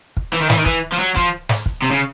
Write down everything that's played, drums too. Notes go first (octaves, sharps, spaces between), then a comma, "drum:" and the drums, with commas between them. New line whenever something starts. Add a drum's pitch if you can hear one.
drum: kick
E3
D#3
E3, drum: snare
D#3
E3, drum: kick
F3
F#3
F3, drum: kick
drum: snare
drum: kick
C3
C#3